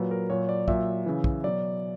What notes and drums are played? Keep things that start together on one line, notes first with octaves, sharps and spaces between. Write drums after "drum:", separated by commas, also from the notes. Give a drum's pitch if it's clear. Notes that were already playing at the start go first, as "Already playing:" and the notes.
Already playing: A#2 F#3 B4
A#4
A#2 F#3 C#5
D5
A#2 F#3 E5, drum: kick
C#3 E3
drum: kick
B2 F#3 D5